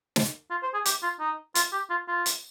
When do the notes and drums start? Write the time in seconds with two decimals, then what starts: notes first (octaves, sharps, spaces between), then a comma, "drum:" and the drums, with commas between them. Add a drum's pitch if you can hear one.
0.16 drum: snare
0.51 F4
0.63 C5
0.74 G#4
0.85 G4, drum: hi-hat
1.03 F4
1.20 D#4
1.55 F4, drum: hi-hat
1.73 G4
1.90 F4
2.08 F4
2.26 drum: hi-hat